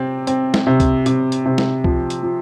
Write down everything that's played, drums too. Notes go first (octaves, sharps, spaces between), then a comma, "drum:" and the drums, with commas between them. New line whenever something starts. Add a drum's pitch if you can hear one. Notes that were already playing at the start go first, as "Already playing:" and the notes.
Already playing: C3 C4
C4, drum: hi-hat
drum: snare
C3
drum: kick C#2, hi-hat
C3, drum: hi-hat
drum: hi-hat
C3
drum: snare
F3, drum: kick C#2
drum: hi-hat
F3